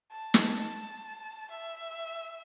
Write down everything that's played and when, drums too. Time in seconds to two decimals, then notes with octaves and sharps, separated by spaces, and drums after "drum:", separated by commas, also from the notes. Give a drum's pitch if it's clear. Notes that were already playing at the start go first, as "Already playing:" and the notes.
0.11 A5
0.34 drum: snare
1.50 E5